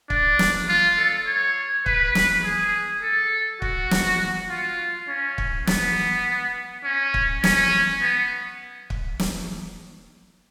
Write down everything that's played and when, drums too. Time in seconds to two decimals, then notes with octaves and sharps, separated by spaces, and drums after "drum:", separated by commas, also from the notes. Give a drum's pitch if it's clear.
0.10 D4, drum: kick
0.39 drum: snare
0.68 F4
0.98 A4
1.27 C#5
1.86 B4, drum: kick
2.15 drum: snare
2.45 G#4
3.03 A4
3.62 F#4, drum: kick
3.91 drum: snare
4.50 F4
5.09 C#4
5.38 drum: kick
5.67 B3, drum: snare
6.84 C#4
7.14 drum: kick
7.44 C#4, drum: snare
8.02 B3
8.90 drum: kick
9.19 drum: snare